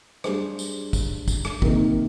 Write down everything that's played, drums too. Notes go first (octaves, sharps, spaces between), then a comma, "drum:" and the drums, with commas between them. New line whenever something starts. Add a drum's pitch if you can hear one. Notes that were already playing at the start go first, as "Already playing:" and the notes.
G3 D4 G#4 C5, drum: rim click
drum: tambourine
drum: kick, tambourine
drum: kick, tambourine
drum: rim click
C3 D#3 A#3 D#4 A#4, drum: kick